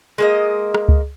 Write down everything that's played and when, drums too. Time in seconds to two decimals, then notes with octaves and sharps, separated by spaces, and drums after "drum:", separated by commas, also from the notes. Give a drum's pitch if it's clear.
0.18 G#3 A#3 D#5
0.74 drum: rim click
0.88 drum: kick C#2